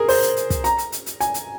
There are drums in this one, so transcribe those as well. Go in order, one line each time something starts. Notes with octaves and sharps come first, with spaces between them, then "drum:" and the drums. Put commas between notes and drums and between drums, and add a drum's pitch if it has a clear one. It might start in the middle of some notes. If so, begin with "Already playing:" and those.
Already playing: G#4 A#4
C5, drum: open hi-hat
drum: hi-hat
drum: hi-hat
drum: kick, hi-hat
A#5, drum: hi-hat
drum: hi-hat
drum: hi-hat
drum: hi-hat
G#5, drum: hi-hat
drum: hi-hat